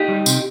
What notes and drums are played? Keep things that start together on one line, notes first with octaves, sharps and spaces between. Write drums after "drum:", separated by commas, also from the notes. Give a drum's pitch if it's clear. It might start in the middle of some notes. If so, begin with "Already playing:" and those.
Already playing: D#4 G4
G3
C3, drum: tambourine